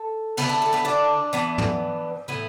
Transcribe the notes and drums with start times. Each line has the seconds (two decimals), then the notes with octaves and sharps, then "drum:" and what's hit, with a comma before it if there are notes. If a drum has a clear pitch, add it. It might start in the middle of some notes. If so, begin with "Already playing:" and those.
Already playing: A4
0.37 D3 A3 B3 E4 B4, drum: cymbal
0.49 A4
0.62 A4
0.73 B3 B4
0.85 D4 D5
1.33 E3 B3 D4
1.58 drum: tom
2.28 A2 E3 B3 E4